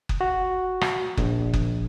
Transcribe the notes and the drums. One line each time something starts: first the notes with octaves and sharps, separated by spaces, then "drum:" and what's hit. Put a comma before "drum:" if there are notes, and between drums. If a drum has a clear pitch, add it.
drum: kick F#1
F#4
drum: rim click
A#1, drum: kick F#1
drum: kick F#1